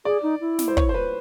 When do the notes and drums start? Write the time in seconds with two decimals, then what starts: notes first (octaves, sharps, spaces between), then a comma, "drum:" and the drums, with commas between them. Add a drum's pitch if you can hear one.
0.05 G#4 D5
0.23 D#4
0.41 E4
0.59 drum: snare
0.68 C5
0.77 C#5, drum: kick
0.89 C5
0.94 B4